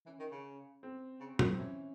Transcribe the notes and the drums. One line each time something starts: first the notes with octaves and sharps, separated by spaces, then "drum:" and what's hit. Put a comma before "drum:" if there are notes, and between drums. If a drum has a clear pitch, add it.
E3 C#4
D#3
C#3
C4
C#3
D#3, drum: tom
C4
E3 C#4